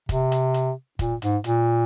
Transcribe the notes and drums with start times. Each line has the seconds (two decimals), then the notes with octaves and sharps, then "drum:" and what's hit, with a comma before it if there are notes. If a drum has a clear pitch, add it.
0.09 C3, drum: kick, hi-hat
0.32 drum: hi-hat
0.54 drum: hi-hat
0.99 A#2, drum: kick, hi-hat
1.22 G#2, drum: hi-hat
1.44 A#2, drum: hi-hat